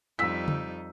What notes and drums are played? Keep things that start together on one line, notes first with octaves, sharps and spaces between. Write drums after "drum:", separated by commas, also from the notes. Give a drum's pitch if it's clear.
F2 G3 D#4 E6 B6
drum: tom C#3